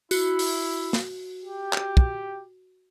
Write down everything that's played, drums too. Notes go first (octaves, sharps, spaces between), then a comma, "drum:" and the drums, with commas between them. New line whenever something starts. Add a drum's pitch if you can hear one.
E4 F#4, drum: tambourine
drum: open hi-hat
drum: snare
G4
drum: clap
drum: kick